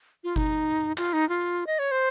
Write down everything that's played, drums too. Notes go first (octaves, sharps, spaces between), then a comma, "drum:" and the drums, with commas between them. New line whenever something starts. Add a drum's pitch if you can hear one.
F4
D#4, drum: kick G1
F4, drum: clap
D#4
F4
D#5
C#5
C5